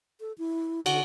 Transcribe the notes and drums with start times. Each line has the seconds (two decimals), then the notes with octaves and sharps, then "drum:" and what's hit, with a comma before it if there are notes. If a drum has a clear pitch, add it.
0.20 A4
0.38 E4
0.86 D3 F#4, drum: cymbal